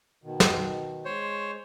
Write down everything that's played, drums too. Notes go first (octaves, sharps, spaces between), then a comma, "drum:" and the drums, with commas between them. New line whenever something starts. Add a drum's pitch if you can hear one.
B2 D#3
drum: snare
G#3 C5 C#5